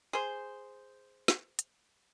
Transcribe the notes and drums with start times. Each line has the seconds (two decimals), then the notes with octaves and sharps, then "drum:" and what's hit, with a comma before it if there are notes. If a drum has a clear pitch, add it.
0.13 G#4 C5
1.28 drum: snare
1.59 drum: hi-hat